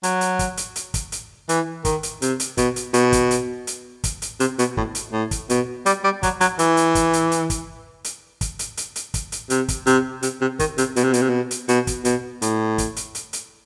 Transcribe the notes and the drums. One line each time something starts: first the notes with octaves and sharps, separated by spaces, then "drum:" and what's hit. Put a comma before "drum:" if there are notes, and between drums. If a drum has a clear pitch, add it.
F#3, drum: hi-hat
drum: hi-hat
drum: kick, hi-hat
drum: hi-hat
drum: hi-hat
drum: kick, hi-hat
drum: hi-hat
E3, drum: hi-hat
D#3, drum: kick, hi-hat
drum: hi-hat
C3, drum: hi-hat
drum: hi-hat
B2, drum: kick, hi-hat
drum: hi-hat
B2, drum: hi-hat
drum: kick, hi-hat
drum: hi-hat
drum: hi-hat
drum: kick, hi-hat
drum: hi-hat
C3, drum: hi-hat
B2, drum: hi-hat
A2, drum: kick
drum: hi-hat
A2
drum: kick, hi-hat
B2, drum: hi-hat
G3, drum: hi-hat
G3
F#3, drum: kick, hi-hat
F#3, drum: hi-hat
E3, drum: hi-hat
drum: hi-hat
drum: kick, hi-hat
drum: hi-hat
drum: hi-hat
drum: kick, hi-hat
drum: hi-hat
drum: kick, hi-hat
drum: hi-hat
drum: hi-hat
drum: hi-hat
drum: kick, hi-hat
drum: hi-hat
C3, drum: hi-hat
drum: kick, hi-hat
C3, drum: hi-hat
C3, drum: hi-hat
C3
D#3, drum: kick, hi-hat
C3, drum: hi-hat
B2, drum: hi-hat
C3
B2, drum: hi-hat
C3
B2
drum: hi-hat
B2, drum: hi-hat
drum: kick, hi-hat
B2, drum: hi-hat
A2, drum: hi-hat
drum: kick, hi-hat
drum: hi-hat
drum: hi-hat
drum: hi-hat